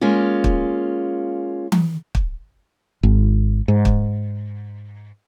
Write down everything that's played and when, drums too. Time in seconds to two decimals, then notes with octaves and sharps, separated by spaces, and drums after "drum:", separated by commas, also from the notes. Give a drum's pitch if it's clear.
0.01 G#3 A#3 C#4 F4
0.44 drum: kick
1.72 drum: tom E3
2.15 drum: kick
3.03 G#1
3.68 G#2
3.85 drum: kick